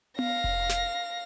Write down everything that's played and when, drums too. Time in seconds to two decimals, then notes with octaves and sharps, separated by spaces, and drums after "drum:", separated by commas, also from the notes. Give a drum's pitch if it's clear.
0.19 F5 A#6, drum: tom B3
0.44 drum: kick F1
0.69 drum: snare